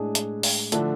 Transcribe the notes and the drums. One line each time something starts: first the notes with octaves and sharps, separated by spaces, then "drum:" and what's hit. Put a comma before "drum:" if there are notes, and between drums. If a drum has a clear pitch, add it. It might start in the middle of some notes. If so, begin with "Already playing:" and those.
Already playing: A2 G#3 D4 G#4
drum: hi-hat
drum: open hi-hat
D3 F3 A3 D4, drum: hi-hat